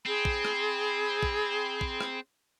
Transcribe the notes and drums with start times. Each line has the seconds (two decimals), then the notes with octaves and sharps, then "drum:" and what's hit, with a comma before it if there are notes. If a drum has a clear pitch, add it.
0.06 C4 G#4 B5
0.25 drum: kick
0.45 drum: rim click
1.23 drum: kick
1.81 drum: kick
2.01 drum: rim click